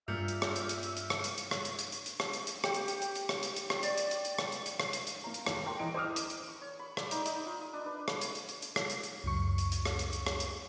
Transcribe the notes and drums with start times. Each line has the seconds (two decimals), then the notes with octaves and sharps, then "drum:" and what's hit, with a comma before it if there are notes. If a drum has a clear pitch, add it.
0.08 G2 A#2 E5 F6 G6
0.28 drum: hi-hat
0.42 drum: rim click
0.56 drum: hi-hat
0.69 drum: hi-hat
0.83 drum: hi-hat
0.97 drum: hi-hat
1.10 drum: rim click
1.24 drum: hi-hat
1.38 drum: hi-hat
1.51 drum: rim click
1.65 drum: hi-hat
1.79 drum: hi-hat
1.92 drum: hi-hat
2.06 drum: hi-hat
2.20 drum: rim click
2.33 drum: hi-hat
2.47 drum: hi-hat
2.64 G4, drum: rim click
2.74 drum: hi-hat
2.88 drum: hi-hat
3.02 drum: hi-hat
3.15 drum: hi-hat
3.29 drum: rim click
3.43 drum: hi-hat
3.56 drum: hi-hat
3.70 drum: rim click
3.83 D5, drum: hi-hat
3.98 drum: hi-hat
4.11 drum: hi-hat
4.25 drum: hi-hat
4.39 drum: rim click
4.52 drum: hi-hat
4.66 drum: hi-hat
4.80 drum: rim click
4.93 drum: hi-hat
5.07 drum: hi-hat
5.24 A#3 A#5
5.34 drum: hi-hat
5.46 D#2, drum: rim click
5.66 A#4 G5 C6
5.79 E3 D#5 D7
5.94 C5 D6 D#6 F6
6.16 drum: hi-hat
6.30 drum: hi-hat
6.48 C#6
6.61 C#5
6.79 B5
6.97 D5, drum: rim click
7.11 D#4, drum: hi-hat
7.26 D#4, drum: hi-hat
7.46 F4
7.61 D#6
7.73 D4
7.86 B4
8.08 drum: rim click
8.21 drum: hi-hat
8.35 drum: hi-hat
8.49 drum: hi-hat
8.62 drum: hi-hat
8.76 drum: rim click
8.90 drum: hi-hat
9.03 drum: hi-hat
9.24 C#2 F#2 C#6
9.58 drum: hi-hat
9.72 drum: hi-hat
9.85 drum: rim click
9.99 drum: hi-hat
10.13 drum: hi-hat
10.27 drum: rim click
10.40 drum: hi-hat